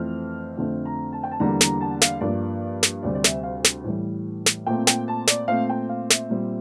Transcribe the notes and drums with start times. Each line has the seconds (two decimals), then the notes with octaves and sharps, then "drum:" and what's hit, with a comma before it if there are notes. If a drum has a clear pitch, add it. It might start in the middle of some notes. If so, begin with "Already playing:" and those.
Already playing: F2 E3 A3 C4 F6
0.57 F2 D3 A3 C4
0.86 A#5
1.13 A5
1.23 G5
1.31 A5
1.40 E2 D3 G3 A#3 A#5
1.61 A#5, drum: snare
1.81 A5
2.02 F5, drum: snare
2.21 G2 F3 A#3 D5
2.83 drum: snare
3.03 D2 C3 G3 C4 D5
3.15 D5
3.24 E5, drum: snare
3.43 F5
3.64 drum: snare
3.84 A2 E3 G3
4.46 drum: snare
4.67 A#2 A3 C4 G5
4.87 G5, drum: snare
5.08 A5
5.27 D5, drum: snare
5.48 A#2 A3 C4 F5
5.69 G5
5.89 F5
6.10 E5, drum: snare
6.30 A#2 G3 C4